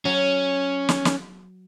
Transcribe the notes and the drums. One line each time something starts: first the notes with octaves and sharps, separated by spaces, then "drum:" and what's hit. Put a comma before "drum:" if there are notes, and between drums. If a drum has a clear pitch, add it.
F#3 C#4
drum: snare
drum: snare